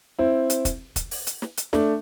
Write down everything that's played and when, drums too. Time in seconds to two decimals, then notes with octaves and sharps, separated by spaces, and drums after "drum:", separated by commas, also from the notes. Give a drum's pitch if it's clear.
0.19 C4 E4
0.50 drum: hi-hat
0.65 drum: kick, hi-hat
0.96 drum: kick, hi-hat
1.11 drum: open hi-hat
1.27 drum: hi-hat
1.42 drum: snare
1.57 drum: hi-hat
1.73 A3 D4, drum: snare